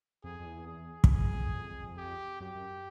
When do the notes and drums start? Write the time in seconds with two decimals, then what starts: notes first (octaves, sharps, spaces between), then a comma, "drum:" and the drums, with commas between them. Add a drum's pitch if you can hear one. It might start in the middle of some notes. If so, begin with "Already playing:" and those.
0.24 F2 G#4
0.40 F2
0.46 E2
0.67 G#4
1.04 E2, drum: kick
1.10 F2 G#4
1.21 F#2
1.32 F2
1.43 F2
1.54 F2
1.98 G4
2.40 F#2 G4
2.55 F#2